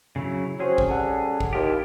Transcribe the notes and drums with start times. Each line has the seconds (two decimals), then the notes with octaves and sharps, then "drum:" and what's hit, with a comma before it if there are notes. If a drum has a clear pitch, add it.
0.16 C#3 F#3 E4
0.60 F#3 C4 C#4 G#4
0.78 drum: kick
0.89 G3 A4 F#5
1.40 drum: kick
1.53 D#2 E4 F4 G4